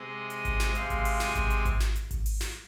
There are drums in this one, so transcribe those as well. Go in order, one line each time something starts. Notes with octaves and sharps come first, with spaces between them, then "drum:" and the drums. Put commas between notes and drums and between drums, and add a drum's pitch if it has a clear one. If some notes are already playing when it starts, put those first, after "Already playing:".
Already playing: C3 G#3 C4 D#5
D#5, drum: hi-hat
drum: kick G#1, hi-hat
drum: snare
C3 G#3 C4 F5, drum: hi-hat
drum: kick G#1, hi-hat
drum: open hi-hat
G#5, drum: snare
drum: kick G#1, hi-hat
drum: hi-hat
drum: kick G#1, hi-hat
drum: snare
drum: hi-hat
drum: kick G#1, hi-hat
drum: open hi-hat
drum: snare